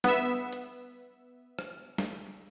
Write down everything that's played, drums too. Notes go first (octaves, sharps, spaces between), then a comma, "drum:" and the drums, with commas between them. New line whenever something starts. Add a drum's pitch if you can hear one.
B3 E5, drum: snare
drum: hi-hat
drum: rim click
drum: snare